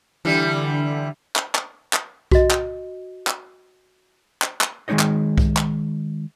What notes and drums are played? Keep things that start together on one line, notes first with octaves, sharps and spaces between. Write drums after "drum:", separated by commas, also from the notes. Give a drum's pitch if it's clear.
D3 E3 G3
drum: clap
drum: clap
drum: clap
F#4 D#5, drum: kick B1
drum: clap
drum: clap
drum: clap
drum: clap
D#3 G#3 A3 D#4 C#5 D#5
drum: clap
drum: kick B1
drum: clap